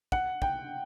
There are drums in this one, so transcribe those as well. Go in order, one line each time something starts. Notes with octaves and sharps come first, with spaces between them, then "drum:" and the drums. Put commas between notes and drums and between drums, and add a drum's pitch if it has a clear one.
F#5, drum: kick
G5, drum: kick